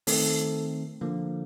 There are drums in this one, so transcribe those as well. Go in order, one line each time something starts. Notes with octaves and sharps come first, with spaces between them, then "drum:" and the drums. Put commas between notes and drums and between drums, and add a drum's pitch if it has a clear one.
D#3 A3 C4 A4, drum: open hi-hat
D3 F3 A#3